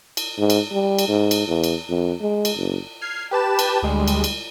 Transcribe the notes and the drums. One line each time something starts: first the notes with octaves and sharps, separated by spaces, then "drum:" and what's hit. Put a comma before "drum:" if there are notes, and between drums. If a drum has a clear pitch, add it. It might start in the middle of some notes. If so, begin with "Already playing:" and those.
drum: cymbal
G#2
drum: cymbal
G3
drum: cymbal
G#2
drum: cymbal
E2
drum: cymbal
F2
G#3
drum: cymbal
F#1
F6 G#6 C7
G4 B4 A5 E7
drum: cymbal
D2 G3 G#3
drum: cymbal
drum: cymbal